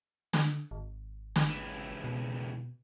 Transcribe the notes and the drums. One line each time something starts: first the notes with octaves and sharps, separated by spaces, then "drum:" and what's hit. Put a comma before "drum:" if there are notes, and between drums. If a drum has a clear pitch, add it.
D3, drum: snare
G#1
drum: snare
C#2 E3
B2